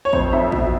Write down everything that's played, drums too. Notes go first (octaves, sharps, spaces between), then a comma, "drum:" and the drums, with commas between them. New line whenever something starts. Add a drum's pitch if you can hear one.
C#5
F2 C5, drum: kick A1
F2 E5
B2, drum: kick A1